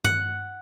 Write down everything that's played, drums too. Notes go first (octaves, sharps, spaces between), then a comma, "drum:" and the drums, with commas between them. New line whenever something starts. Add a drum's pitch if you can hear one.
F#5, drum: tom G2